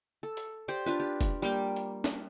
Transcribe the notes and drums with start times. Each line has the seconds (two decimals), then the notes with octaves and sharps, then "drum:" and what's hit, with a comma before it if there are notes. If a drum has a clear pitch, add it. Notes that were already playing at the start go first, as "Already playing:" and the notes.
0.23 A4
0.37 drum: hi-hat
0.68 G4 C5 D5
0.86 D4 F4 B4
1.00 G4
1.21 drum: kick, hi-hat
1.42 G3 A#3 G5 D6
1.76 drum: hi-hat
2.04 drum: snare